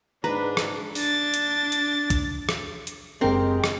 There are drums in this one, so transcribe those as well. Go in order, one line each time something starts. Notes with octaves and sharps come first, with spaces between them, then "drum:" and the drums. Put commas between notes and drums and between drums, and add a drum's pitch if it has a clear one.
G#2 D4 B4 A#5
drum: rim click
D4 A6, drum: open hi-hat
drum: hi-hat
drum: hi-hat
drum: kick C2, hi-hat
drum: rim click
drum: hi-hat
F#1 G#3 C4 D4 G4 A#4
drum: rim click